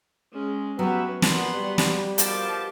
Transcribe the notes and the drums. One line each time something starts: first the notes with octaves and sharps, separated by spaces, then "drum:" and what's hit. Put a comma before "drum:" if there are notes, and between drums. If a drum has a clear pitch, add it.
G#3 C#4
F#3 B3 C#4 F#4 G4 B4 E5
A#2 B3 F#5 C6, drum: snare
G3
drum: snare
B2 F3 G4 A#4 A5, drum: hi-hat